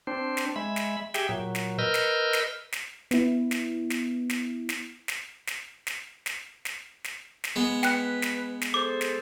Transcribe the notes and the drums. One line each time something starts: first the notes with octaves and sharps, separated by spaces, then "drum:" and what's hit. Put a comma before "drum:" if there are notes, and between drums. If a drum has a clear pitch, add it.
C4 D4 C5
drum: snare
G#3 E5 B5
drum: snare
G4 G#4 E5 G5, drum: snare
A#2 F#3
drum: snare
A#4 B4 D#5 E6 F6 G6
drum: snare
drum: snare
drum: snare
B3 E4, drum: snare
drum: snare
drum: snare
drum: snare
drum: snare
drum: snare
drum: snare
drum: snare
drum: snare
drum: snare
drum: snare
drum: snare
G#3 B3
B4 G5 F#6, drum: snare
drum: snare
drum: snare
G#4 A4 C5 D6
drum: snare